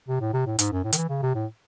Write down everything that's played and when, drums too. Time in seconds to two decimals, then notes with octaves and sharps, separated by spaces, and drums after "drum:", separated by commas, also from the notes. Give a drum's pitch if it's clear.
0.08 C3
0.21 A2
0.33 C3
0.46 A2
0.59 G#2, drum: hi-hat
0.72 F#2
0.84 A2
0.93 D#3, drum: hi-hat
0.97 E3
1.09 C#3
1.23 C3
1.35 A2